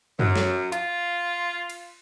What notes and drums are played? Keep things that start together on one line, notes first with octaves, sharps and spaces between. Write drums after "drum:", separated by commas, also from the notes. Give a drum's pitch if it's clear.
F#2, drum: tom F#2
drum: snare
F4, drum: hi-hat
drum: cymbal